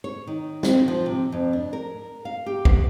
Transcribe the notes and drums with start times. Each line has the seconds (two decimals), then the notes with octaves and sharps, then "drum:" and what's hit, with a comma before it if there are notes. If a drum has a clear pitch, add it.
0.04 C#5
0.27 D#3
0.63 C4, drum: snare
0.88 F3
1.06 C3
1.32 F2
1.53 D4
1.73 A#4
2.25 F5
2.46 G4
2.65 B3, drum: kick